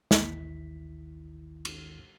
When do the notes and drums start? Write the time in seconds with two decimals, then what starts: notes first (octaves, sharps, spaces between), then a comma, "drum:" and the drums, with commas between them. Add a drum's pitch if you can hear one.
0.11 A1 D#2 D#3 E4 B6, drum: snare
1.65 drum: cymbal